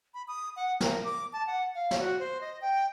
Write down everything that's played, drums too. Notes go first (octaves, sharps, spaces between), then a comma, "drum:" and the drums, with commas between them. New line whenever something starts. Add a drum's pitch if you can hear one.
B5
D#6
F#5
A#4, drum: snare
D6
A5
F#5
F5
drum: snare
F#4
C5
D#5
G5